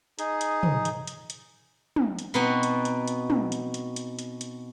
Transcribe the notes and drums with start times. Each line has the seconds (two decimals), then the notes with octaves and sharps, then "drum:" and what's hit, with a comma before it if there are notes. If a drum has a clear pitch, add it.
0.19 D#4 G#4, drum: hi-hat
0.41 drum: hi-hat
0.63 drum: tom
0.85 drum: hi-hat
1.07 drum: hi-hat
1.30 drum: hi-hat
1.96 drum: tom
2.19 drum: hi-hat
2.34 B2 B3 C4 D#4 F#4
2.63 drum: hi-hat
2.85 drum: hi-hat
3.07 drum: hi-hat
3.30 drum: tom
3.52 drum: hi-hat
3.74 drum: hi-hat
3.96 drum: hi-hat
4.19 drum: hi-hat
4.41 drum: hi-hat